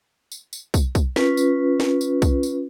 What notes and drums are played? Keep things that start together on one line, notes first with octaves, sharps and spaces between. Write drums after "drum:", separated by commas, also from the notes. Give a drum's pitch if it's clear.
drum: tambourine
drum: tambourine
drum: kick, tambourine
drum: kick, tambourine
C#4 F4 B4, drum: snare
drum: tambourine
drum: snare
drum: tambourine
drum: kick, tambourine
drum: tambourine